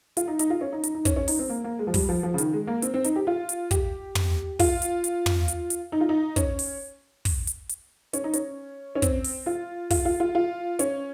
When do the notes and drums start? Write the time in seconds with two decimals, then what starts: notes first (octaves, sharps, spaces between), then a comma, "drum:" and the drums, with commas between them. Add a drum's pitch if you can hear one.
0.17 F4, drum: hi-hat
0.28 D#4
0.39 D#4, drum: hi-hat
0.50 F4
0.61 C#4
0.73 D#4
0.83 D#4, drum: hi-hat
0.95 D#4
1.05 C#4, drum: kick, hi-hat
1.16 C#4
1.28 D#4, drum: open hi-hat
1.39 C4
1.50 A#3
1.64 A#3
1.79 G#3
1.87 F3
1.94 G3, drum: kick, open hi-hat
2.09 F3
2.23 F3
2.34 C#3
2.38 D#3, drum: hi-hat
2.53 G#3
2.67 A#3
2.82 C4, drum: hi-hat
2.94 C4
3.04 D#4, drum: hi-hat
3.16 G4
3.27 F4
3.49 drum: hi-hat
3.71 G4, drum: kick, hi-hat
4.15 drum: tom
4.59 F4, drum: kick, open hi-hat
4.82 drum: hi-hat
5.04 drum: hi-hat
5.26 drum: tom
5.48 drum: hi-hat
5.70 drum: hi-hat
5.92 D#4
6.00 F4
6.09 D#4
6.36 C#4, drum: kick, hi-hat
6.59 drum: open hi-hat
7.25 drum: kick, open hi-hat
7.47 drum: hi-hat
7.69 drum: hi-hat
8.13 C#4, drum: hi-hat
8.24 D#4
8.33 C#4, drum: hi-hat
8.95 C#4
9.02 C4, drum: kick, hi-hat
9.24 drum: open hi-hat
9.46 F4
9.90 F4, drum: kick, open hi-hat
10.05 F4
10.20 F4
10.35 F4
10.79 C#4, drum: hi-hat